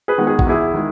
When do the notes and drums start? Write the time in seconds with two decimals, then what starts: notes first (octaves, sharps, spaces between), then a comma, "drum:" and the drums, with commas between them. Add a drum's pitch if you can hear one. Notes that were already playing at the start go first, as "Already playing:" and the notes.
0.08 G#4 B4
0.18 D#3 G#3 B3
0.27 G#4
0.39 F#4, drum: kick A1
0.47 E2 E4 G#4
0.74 D#3 G#3